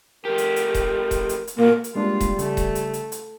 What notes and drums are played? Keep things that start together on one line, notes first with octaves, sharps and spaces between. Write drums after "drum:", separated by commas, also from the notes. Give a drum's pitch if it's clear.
A3 G4 A#4
drum: hi-hat
drum: hi-hat
drum: kick D#1, hi-hat
drum: kick D#1, hi-hat
drum: hi-hat
drum: hi-hat
A#2 A#3 F#4 A#4
drum: hi-hat
G3 G#3 A#3 D4 F4
drum: kick D#1, hi-hat
C#3 A3, drum: hi-hat
drum: kick D#1, hi-hat
drum: hi-hat
drum: hi-hat
drum: hi-hat